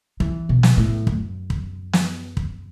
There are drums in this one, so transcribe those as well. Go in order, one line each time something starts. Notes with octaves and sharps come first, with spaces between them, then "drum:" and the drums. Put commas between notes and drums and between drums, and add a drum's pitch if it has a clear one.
E3, drum: kick
B2
drum: snare
A2
F#2, drum: kick
drum: kick
drum: snare
drum: kick